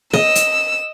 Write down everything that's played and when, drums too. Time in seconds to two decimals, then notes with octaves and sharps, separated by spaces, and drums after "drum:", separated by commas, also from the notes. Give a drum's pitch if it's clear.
0.13 D#5 E6, drum: snare
0.35 drum: hi-hat